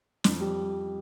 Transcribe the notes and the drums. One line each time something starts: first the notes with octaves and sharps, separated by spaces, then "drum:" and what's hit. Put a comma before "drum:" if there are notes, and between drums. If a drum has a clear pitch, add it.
F2, drum: snare
G3